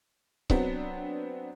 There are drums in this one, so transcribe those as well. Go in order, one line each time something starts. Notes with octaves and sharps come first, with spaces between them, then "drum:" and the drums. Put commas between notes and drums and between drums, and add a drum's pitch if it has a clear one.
F#3 B3 C4 D4, drum: kick C#1